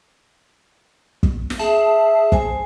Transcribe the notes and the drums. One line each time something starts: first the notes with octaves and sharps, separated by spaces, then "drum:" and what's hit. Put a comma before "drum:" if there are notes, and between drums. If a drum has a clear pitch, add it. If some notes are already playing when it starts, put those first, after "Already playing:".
drum: kick
drum: snare
G#4 E5 A5
C5 G#5, drum: kick